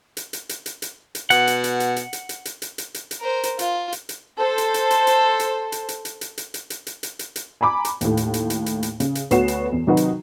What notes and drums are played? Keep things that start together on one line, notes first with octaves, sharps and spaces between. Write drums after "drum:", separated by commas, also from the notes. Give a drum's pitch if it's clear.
drum: hi-hat
drum: hi-hat
drum: hi-hat
drum: hi-hat
drum: hi-hat
drum: hi-hat
B2 F#5, drum: hi-hat
drum: hi-hat
drum: hi-hat
drum: hi-hat
drum: hi-hat
drum: hi-hat
drum: hi-hat
drum: hi-hat
drum: hi-hat
drum: hi-hat
drum: hi-hat
drum: hi-hat
A#4 C5
drum: hi-hat
F4, drum: hi-hat
drum: hi-hat
drum: hi-hat
A4 C5
drum: hi-hat
drum: hi-hat
drum: hi-hat
drum: hi-hat
drum: hi-hat
drum: hi-hat
drum: hi-hat
drum: hi-hat
drum: hi-hat
drum: hi-hat
drum: hi-hat
drum: hi-hat
drum: hi-hat
drum: hi-hat
drum: hi-hat
drum: hi-hat
G#5 A#5 B5 D6
drum: hi-hat
D#2 A2, drum: hi-hat
drum: hi-hat
drum: hi-hat
drum: hi-hat
drum: hi-hat
drum: hi-hat
C#3, drum: hi-hat
drum: hi-hat
D2 B3 F#4 C#5 C7 E7, drum: hi-hat
drum: hi-hat
E2
C3 D#3 F#3 D#4 F#4 B4
drum: hi-hat